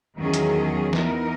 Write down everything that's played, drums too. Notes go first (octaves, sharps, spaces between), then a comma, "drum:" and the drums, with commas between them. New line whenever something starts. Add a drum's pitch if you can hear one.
E2 D#3 F#3 C#4 G#4
drum: hi-hat
E3 B3 D#4 A#4, drum: snare